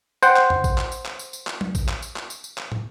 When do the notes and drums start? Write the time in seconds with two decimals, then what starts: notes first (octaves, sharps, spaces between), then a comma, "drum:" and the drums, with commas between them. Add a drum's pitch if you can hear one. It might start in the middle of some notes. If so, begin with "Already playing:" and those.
0.23 C5 F#5 G5, drum: tambourine
0.36 drum: clap
0.50 drum: tom E2
0.64 drum: kick A1, tambourine
0.78 drum: clap
0.92 drum: tambourine
1.06 drum: clap
1.19 drum: tambourine
1.33 drum: tambourine
1.47 drum: clap
1.61 drum: tom
1.75 drum: kick A1, tambourine
1.89 drum: clap
2.02 drum: tambourine
2.16 drum: clap
2.30 drum: tambourine
2.44 drum: tambourine
2.58 drum: clap
2.72 drum: tom